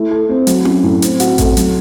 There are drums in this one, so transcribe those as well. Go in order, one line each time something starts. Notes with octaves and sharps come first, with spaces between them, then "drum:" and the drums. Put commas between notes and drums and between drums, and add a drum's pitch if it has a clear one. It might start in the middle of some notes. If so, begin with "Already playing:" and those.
Already playing: A3 E4
A4
C4
F#3, drum: hi-hat
C#4, drum: tom E4
A2
C4, drum: hi-hat
F#4, drum: hi-hat
A3, drum: kick A1, hi-hat
F#3, drum: hi-hat